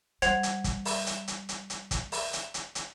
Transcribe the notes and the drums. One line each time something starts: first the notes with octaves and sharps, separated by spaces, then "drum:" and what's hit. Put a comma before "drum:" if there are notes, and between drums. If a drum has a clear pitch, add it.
G3 C5 F#5 G#6 F7, drum: hi-hat
drum: hi-hat
drum: kick, hi-hat
drum: open hi-hat
drum: hi-hat
drum: hi-hat
drum: hi-hat
drum: hi-hat
drum: kick, hi-hat
drum: open hi-hat
drum: hi-hat
drum: hi-hat
drum: hi-hat